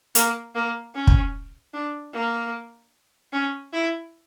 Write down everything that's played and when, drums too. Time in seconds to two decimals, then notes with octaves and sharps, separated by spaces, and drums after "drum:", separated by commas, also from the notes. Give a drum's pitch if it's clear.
0.15 A#3, drum: hi-hat
0.55 A#3
0.95 C#4
1.07 drum: kick
1.74 D4
2.14 A#3
3.33 C#4
3.73 E4